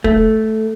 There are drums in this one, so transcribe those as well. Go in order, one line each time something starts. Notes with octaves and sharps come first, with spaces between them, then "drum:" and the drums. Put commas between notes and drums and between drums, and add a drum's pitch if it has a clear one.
A3, drum: kick